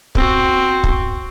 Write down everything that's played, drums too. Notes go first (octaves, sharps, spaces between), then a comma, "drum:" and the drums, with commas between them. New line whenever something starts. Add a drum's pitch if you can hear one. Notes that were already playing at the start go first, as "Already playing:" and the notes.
C4 F#4, drum: kick
drum: kick